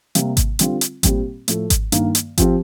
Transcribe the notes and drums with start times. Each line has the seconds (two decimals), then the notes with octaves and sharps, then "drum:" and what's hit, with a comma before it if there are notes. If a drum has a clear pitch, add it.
0.15 C3 G3 A#3, drum: hi-hat
0.37 drum: kick G#1, hi-hat
0.59 D3 G3 C4 F4, drum: hi-hat
0.81 drum: hi-hat
1.03 A#2 G3 C4 G4, drum: kick G#1, hi-hat
1.48 A2 F3 A3, drum: hi-hat
1.70 drum: kick G#1, hi-hat
1.92 G2 D#3 A#3, drum: hi-hat
2.15 drum: hi-hat
2.38 F3 C4 G4, drum: kick G#1, hi-hat